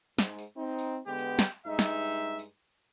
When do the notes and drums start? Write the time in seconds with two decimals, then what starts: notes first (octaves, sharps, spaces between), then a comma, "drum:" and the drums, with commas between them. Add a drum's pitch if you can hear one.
0.19 G#2, drum: snare
0.39 drum: tambourine
0.57 C4 D#4
0.79 drum: tambourine
1.07 D3 G#3 B3 G4
1.19 drum: tambourine
1.39 drum: snare
1.66 G2 G#3 D#4 E5
1.79 drum: snare
2.39 drum: tambourine